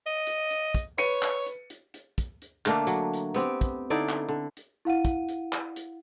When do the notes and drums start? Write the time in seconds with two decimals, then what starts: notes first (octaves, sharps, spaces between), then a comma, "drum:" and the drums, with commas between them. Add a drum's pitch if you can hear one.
0.06 D#5
0.27 drum: hi-hat
0.51 drum: hi-hat
0.75 drum: kick, hi-hat
0.98 B4 C#5 C#7 D#7, drum: hi-hat
1.22 drum: clap
1.46 drum: hi-hat
1.70 drum: hi-hat
1.94 drum: hi-hat
2.18 drum: kick, hi-hat
2.42 drum: hi-hat
2.66 D3 A3 A#3 D4, drum: clap
2.87 F#3, drum: hi-hat
3.13 drum: hi-hat
3.34 B3 C4 G4, drum: hi-hat
3.61 drum: kick, hi-hat
3.90 D3 D#4 E4 D5
4.09 drum: clap
4.28 D3
4.57 drum: hi-hat
4.85 E4 F5 F#5 D#7
5.05 drum: kick, hi-hat
5.29 drum: hi-hat
5.52 drum: clap
5.76 drum: hi-hat